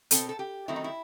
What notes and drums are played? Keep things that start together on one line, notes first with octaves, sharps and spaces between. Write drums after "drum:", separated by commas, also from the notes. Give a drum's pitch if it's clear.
B2 A3 C4 A4, drum: hi-hat
A4
G4
D#3 F#3 A3 C4 E4
D#4
E4